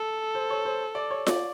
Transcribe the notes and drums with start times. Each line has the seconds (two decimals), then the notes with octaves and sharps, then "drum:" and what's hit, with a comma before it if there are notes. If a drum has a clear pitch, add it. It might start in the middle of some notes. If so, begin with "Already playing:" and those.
Already playing: A4
0.35 C5
0.50 C#5
0.65 C5
0.95 D5
1.11 C#5
1.27 D5, drum: snare F4